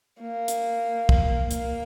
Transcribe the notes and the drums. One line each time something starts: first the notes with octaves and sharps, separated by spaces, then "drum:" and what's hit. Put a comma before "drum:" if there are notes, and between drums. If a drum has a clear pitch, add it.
A#3
drum: hi-hat
drum: kick
A#3, drum: hi-hat